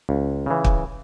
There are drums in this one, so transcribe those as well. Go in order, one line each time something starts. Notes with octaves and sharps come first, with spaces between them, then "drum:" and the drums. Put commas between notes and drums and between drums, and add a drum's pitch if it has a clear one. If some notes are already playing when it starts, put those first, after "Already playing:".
C#2
C#3 E3
drum: kick